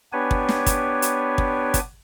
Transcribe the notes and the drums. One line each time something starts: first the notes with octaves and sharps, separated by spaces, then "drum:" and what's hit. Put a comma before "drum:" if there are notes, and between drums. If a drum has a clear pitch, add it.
B3 D4 G4 B4 C#5 G#5
drum: kick
drum: snare
drum: kick, hi-hat
drum: hi-hat
drum: kick
drum: kick, hi-hat